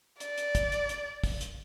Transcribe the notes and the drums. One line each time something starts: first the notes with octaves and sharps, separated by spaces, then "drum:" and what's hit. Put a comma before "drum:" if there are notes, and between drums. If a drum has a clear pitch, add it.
D5, drum: hi-hat
drum: hi-hat
drum: kick, hi-hat
drum: hi-hat
drum: hi-hat
drum: kick, open hi-hat
drum: hi-hat